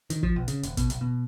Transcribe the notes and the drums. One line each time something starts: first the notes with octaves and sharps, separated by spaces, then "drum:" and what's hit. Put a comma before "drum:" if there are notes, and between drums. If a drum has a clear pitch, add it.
D#3, drum: hi-hat
F3, drum: kick
B1
C#3, drum: hi-hat
D#1, drum: hi-hat
B2, drum: kick, hi-hat
B1, drum: hi-hat
B2